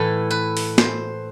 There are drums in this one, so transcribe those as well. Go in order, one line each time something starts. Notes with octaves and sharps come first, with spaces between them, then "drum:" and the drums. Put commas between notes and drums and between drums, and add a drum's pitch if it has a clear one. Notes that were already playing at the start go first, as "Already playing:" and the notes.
Already playing: A2 E3 A4 B4
B4
drum: open hi-hat
C5, drum: snare